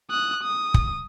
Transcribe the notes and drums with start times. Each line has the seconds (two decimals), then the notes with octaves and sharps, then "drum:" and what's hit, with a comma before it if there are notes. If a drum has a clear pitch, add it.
0.11 D#6 F#6
0.43 D#6
0.74 drum: kick